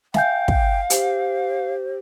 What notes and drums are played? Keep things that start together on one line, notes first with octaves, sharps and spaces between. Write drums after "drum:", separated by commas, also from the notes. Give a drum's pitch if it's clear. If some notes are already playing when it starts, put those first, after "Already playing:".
E5 F5 G5 G#5 G6, drum: snare
drum: kick
G4 C5, drum: hi-hat